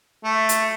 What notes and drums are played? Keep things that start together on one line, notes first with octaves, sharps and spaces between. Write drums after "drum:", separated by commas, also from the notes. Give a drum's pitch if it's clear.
A3
drum: hi-hat